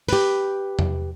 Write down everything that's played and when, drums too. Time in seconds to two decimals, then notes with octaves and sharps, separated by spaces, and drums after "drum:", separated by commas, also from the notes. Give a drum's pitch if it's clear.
0.09 G4 B4, drum: open hi-hat
0.79 drum: tom E2